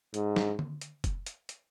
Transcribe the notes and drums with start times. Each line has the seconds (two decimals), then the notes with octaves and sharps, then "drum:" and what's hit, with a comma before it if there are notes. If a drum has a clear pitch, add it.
0.14 G#2, drum: hi-hat
0.36 drum: snare
0.59 drum: tom D3
0.81 drum: hi-hat
1.04 drum: kick F1, hi-hat
1.26 drum: hi-hat
1.49 drum: hi-hat